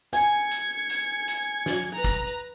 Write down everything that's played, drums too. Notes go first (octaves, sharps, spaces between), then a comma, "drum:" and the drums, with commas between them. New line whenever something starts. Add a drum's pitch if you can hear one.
G#5 G#6 C#7, drum: hi-hat
drum: hi-hat
drum: hi-hat
drum: hi-hat
drum: snare
B4 A#5
drum: kick, hi-hat